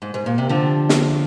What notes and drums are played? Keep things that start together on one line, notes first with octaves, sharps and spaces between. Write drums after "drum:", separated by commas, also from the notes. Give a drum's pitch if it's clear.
G#2
G#2
A#2
C3
D3 F3
drum: snare